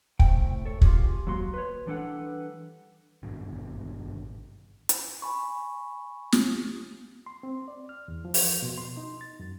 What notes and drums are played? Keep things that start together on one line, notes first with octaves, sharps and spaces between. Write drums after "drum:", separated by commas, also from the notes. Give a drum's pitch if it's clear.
A2 C3 G5, drum: kick
A4 C#5
F4 G4 G#4, drum: kick
F#3 A#3 F#4 C6
B4 C#5
E3 G3 D4 A4 B4 F#5
G#1 G2 B2 D3
drum: hi-hat
G#5 B5 C#6
drum: snare
C6
C4
D5
F6
E2
F3
drum: open hi-hat
B2
C6
D#4
A6
F#2